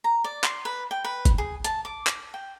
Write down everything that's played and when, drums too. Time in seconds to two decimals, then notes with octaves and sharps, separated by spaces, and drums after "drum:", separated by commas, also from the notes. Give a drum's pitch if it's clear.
0.04 A#5
0.24 D5
0.44 C6, drum: clap
0.65 B4
0.91 G5
1.04 B4
1.25 drum: kick, hi-hat
1.38 G#4
1.64 A5, drum: hi-hat
1.85 D6
2.07 drum: clap
2.34 G5